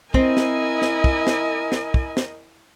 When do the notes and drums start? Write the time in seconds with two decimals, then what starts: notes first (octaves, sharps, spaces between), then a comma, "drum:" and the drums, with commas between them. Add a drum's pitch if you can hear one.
0.14 C4 E4 A#4 D#5 G#5, drum: kick
0.37 drum: snare
0.82 drum: snare
1.04 drum: kick
1.27 drum: snare
1.72 drum: snare
1.94 drum: kick
2.17 drum: snare